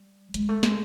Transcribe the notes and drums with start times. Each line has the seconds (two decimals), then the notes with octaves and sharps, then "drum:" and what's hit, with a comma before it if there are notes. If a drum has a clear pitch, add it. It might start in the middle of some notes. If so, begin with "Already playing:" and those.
Already playing: G3
0.34 G#3, drum: hi-hat
0.49 A3
0.63 G#3, drum: snare